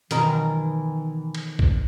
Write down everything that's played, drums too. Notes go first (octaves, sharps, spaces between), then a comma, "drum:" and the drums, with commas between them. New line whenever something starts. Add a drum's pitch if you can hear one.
B2 D#3 E3 A#4, drum: hi-hat
drum: cymbal
drum: kick